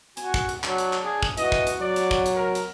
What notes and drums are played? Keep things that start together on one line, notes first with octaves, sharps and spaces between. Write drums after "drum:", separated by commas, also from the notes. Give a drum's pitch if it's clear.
F#4 G#5, drum: hi-hat
drum: kick
drum: hi-hat
F#3 D4, drum: clap
drum: hi-hat
drum: clap
G#4
drum: kick
E3 F#4 D#5, drum: hi-hat
drum: kick
drum: hi-hat
F#3 D5
drum: hi-hat
drum: kick
drum: hi-hat
A#4
drum: hi-hat